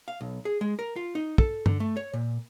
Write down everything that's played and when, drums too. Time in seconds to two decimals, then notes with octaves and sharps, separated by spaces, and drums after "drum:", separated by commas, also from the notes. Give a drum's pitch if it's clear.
0.08 F5
0.21 B1
0.45 G#4
0.61 G#3
0.79 A#4
0.96 F4
1.15 D#4
1.38 A4, drum: kick
1.66 D3, drum: tom G2
1.80 A3
1.97 C#5
2.13 A#2